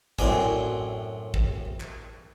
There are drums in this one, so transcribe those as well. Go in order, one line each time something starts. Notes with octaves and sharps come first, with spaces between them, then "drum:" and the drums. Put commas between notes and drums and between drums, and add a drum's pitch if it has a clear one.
F#2 A2 C4 D5 G#5, drum: kick
drum: kick
drum: clap